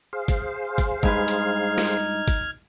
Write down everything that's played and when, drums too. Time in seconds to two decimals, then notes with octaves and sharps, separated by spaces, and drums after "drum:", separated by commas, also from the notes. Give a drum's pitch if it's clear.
0.13 G#4 C5 F5
0.28 drum: kick, hi-hat
0.78 drum: kick, hi-hat
1.03 G2 G#3 D#4 B4 F6 G#6, drum: kick
1.28 drum: hi-hat
1.78 drum: snare
2.28 drum: kick, hi-hat